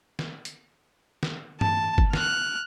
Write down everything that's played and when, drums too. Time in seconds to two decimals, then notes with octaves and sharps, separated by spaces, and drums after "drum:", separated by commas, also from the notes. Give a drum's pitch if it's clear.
0.19 drum: snare
0.45 drum: hi-hat
1.23 drum: snare
1.61 A5, drum: tom G2
1.98 drum: kick G1
2.13 F6 F#6, drum: snare